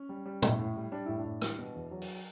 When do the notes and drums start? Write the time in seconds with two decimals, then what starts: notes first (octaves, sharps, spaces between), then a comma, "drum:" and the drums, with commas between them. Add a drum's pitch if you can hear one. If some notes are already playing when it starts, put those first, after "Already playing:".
Already playing: C#4
0.09 G3
0.26 G3
0.42 A2, drum: tom
0.59 A2
0.76 G3
0.92 G3 D4
1.06 A2 E4
1.19 D4
1.25 A2
1.42 G3, drum: rim click
1.59 B2
1.75 E2
1.91 F#3
2.02 drum: open hi-hat